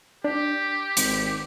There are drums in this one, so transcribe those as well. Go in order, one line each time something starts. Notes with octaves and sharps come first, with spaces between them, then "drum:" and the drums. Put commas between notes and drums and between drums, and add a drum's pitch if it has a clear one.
D4 G4
G#1, drum: hi-hat